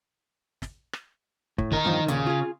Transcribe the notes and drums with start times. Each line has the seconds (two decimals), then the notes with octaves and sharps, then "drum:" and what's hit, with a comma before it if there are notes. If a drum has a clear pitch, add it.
0.62 drum: snare
0.93 drum: rim click
1.58 A2, drum: kick
1.72 D#3 A#4, drum: kick
1.85 E2 G2 F3
2.08 D#2 A#2 C#3, drum: hi-hat
2.26 F4 G#4